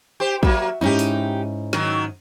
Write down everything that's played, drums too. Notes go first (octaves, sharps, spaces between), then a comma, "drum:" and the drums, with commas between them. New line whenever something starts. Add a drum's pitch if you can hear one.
G4 C5
F#3 A#3 F#4 E5, drum: kick
G#2 C#4 D#4 E4 G4
drum: open hi-hat
D#3 F#3, drum: snare